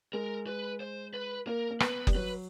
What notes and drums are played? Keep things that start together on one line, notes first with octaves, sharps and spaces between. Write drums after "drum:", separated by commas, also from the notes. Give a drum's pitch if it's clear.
G#3 A#4
B4
C5
B4
A#3 A#4
A#3
B3 B4, drum: rim click
G3, drum: kick F#1
F#3 B4